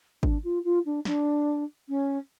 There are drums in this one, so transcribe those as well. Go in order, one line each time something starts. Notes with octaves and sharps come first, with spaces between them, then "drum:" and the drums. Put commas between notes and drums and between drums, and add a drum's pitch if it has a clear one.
D4, drum: kick G#1
F4
F4
D4
D4, drum: snare
C#4